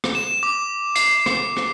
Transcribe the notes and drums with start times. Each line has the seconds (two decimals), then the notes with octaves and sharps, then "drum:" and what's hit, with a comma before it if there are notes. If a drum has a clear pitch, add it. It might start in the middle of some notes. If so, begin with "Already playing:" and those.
0.04 drum: rim click
0.15 E7
0.43 D6
0.96 C7, drum: hi-hat
1.26 drum: rim click
1.57 drum: rim click